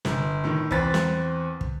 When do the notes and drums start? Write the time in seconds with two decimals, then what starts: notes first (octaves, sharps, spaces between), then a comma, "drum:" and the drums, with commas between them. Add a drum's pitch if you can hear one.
0.05 G1, drum: snare
0.44 A2 D#3
0.71 E2 C4 B4 A6 B6, drum: kick
0.94 drum: snare
1.61 drum: kick